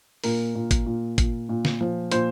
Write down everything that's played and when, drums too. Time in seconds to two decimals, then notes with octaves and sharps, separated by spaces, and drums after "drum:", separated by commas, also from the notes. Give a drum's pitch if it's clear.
0.24 A#2 A#4, drum: open hi-hat
0.55 A#2
0.71 drum: kick, hi-hat
0.86 A#2
1.18 A#2, drum: kick, hi-hat
1.49 A#2
1.65 drum: snare
1.81 F3
2.12 A#2 C5, drum: hi-hat